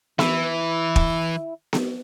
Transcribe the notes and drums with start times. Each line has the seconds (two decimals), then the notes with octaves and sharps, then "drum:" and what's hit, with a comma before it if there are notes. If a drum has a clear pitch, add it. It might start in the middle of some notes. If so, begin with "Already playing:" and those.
0.19 E3 E4, drum: snare B3
0.96 drum: kick
1.73 drum: snare B3